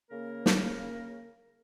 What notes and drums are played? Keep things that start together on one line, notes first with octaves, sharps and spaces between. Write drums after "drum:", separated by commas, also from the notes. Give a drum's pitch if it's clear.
C#3 A#3 A#4
drum: snare